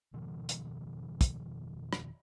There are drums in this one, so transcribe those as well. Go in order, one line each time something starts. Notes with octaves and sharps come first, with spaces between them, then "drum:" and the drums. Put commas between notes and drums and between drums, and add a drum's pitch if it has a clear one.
F1 B2 D#3 F3
drum: hi-hat
drum: kick, hi-hat
drum: rim click